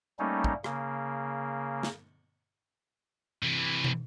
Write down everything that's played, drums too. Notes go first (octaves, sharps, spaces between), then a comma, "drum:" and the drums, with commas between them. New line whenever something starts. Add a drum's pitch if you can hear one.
G3 A3 A#3 C#4 D#4
drum: kick
C#3 A#3, drum: rim click
drum: snare
C3 E3
drum: tom